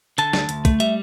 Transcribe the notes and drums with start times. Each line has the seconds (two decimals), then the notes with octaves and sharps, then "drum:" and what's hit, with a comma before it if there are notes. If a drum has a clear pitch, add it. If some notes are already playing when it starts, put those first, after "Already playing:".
0.18 D3 A5, drum: hi-hat
0.33 D2, drum: snare
0.49 D2, drum: hi-hat
0.65 A3, drum: kick, hi-hat
0.80 G3 E5, drum: hi-hat